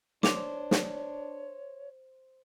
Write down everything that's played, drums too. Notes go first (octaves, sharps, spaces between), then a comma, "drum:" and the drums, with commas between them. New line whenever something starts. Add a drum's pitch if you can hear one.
D4 C5 C#5 D6 F7, drum: snare
drum: snare